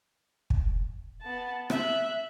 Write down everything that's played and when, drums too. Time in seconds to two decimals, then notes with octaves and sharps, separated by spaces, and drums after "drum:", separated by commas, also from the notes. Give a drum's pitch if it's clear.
0.50 drum: kick
1.21 B3 A5
1.70 E5 F#6, drum: rim click